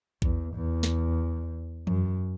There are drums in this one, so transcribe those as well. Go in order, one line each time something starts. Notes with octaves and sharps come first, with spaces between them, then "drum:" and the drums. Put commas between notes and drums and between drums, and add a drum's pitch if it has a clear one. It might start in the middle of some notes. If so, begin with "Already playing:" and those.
E2, drum: kick A#1
E2
drum: snare
F#2, drum: tom E3